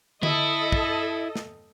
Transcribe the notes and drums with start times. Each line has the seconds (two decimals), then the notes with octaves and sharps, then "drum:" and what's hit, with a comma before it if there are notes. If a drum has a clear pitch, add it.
0.23 E4 A4 D#5, drum: tom D3
0.72 drum: kick
1.36 drum: snare